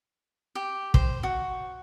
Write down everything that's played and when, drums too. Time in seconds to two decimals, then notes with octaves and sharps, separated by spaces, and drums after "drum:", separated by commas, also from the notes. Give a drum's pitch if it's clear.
0.55 G4
0.94 C5, drum: kick
1.23 F#4